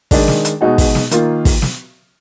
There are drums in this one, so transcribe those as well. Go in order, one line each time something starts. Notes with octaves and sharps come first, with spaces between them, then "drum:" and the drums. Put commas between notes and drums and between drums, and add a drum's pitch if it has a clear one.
D#3 G#3 D4, drum: kick, open hi-hat
drum: snare
drum: hi-hat
B2 G#3 D#4 F#4
drum: kick, open hi-hat
drum: snare
D#3 A#3 F4, drum: hi-hat
drum: kick, open hi-hat
drum: snare